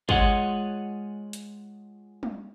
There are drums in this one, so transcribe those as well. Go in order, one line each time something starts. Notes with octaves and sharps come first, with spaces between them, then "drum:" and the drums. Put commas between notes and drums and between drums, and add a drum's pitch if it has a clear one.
G#3 F4 G#4 C#5 D#5 F#5, drum: kick
drum: hi-hat
drum: tom